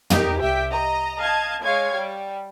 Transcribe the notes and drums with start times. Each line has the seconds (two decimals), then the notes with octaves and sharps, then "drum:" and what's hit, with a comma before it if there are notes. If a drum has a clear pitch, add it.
0.10 D#4 G4 A#4, drum: tom
0.39 C2 G4 E5 G5 B6
0.72 D#5 A#5
1.18 D#5 F5 A5 G#6
1.63 G#3 C#5 F5 G#6
1.95 G3